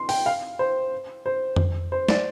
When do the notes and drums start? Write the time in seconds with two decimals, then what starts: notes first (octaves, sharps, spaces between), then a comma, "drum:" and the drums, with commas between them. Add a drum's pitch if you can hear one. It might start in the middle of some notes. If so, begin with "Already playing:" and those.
Already playing: C6
0.09 G5, drum: open hi-hat
0.26 F5
0.59 C5
1.26 C5
1.56 drum: tom F2
1.92 C5
2.09 D5, drum: snare